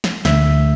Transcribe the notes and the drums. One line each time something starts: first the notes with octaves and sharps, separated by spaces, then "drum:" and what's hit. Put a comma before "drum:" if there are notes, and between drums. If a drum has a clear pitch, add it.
drum: snare
D2 D3 A3 E5, drum: snare